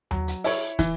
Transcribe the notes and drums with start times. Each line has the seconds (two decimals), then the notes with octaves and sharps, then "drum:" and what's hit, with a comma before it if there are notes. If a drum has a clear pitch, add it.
0.11 F#3, drum: tom D#2
0.28 drum: hi-hat
0.44 E4 C#5, drum: open hi-hat
0.79 E3, drum: kick, hi-hat